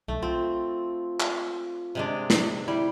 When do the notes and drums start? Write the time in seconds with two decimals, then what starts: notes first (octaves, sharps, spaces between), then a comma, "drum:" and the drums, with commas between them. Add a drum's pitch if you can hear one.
0.08 B1 A3
0.23 C4 F4
1.20 drum: clap
1.95 C3 G#3 D4
2.30 drum: snare
2.68 G3 E4